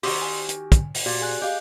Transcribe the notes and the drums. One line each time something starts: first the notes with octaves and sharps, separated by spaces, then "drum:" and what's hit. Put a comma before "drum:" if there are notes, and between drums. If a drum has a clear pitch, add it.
D#3 F#4 G4 C6 D#6 E6, drum: open hi-hat
G#5
drum: hi-hat
drum: kick, hi-hat
drum: open hi-hat
A#2 F#4 G4 D5
G#4 G#5 F#6
G4 D#5 F5